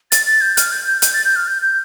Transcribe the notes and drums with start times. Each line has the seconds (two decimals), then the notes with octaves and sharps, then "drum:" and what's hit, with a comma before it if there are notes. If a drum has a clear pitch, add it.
0.12 A6, drum: hi-hat
0.26 A6
0.41 G6
0.57 F6, drum: hi-hat
0.72 G6
0.87 G6
1.02 G6, drum: hi-hat
1.14 A6
1.25 G6
1.36 F6
1.47 G6
1.62 G6